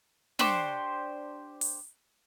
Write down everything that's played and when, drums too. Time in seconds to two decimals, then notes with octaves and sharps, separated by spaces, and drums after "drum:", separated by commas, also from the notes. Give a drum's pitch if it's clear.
0.39 D4 G4 C5 C#6, drum: snare
1.61 drum: open hi-hat